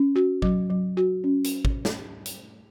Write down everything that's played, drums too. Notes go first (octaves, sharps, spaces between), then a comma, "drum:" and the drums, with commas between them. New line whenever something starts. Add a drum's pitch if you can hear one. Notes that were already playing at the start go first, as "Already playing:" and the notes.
Already playing: C#4
F#4
F#3, drum: kick
F#3
F#4
C#4
drum: hi-hat
drum: kick
drum: snare
drum: hi-hat